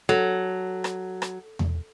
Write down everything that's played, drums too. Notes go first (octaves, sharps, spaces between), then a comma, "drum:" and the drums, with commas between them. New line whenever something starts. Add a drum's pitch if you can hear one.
F#3 A4
drum: rim click
drum: rim click
drum: tom E2